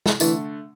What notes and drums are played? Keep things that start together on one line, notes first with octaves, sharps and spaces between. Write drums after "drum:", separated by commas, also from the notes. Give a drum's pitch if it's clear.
drum: snare
D3 E3 A3, drum: tambourine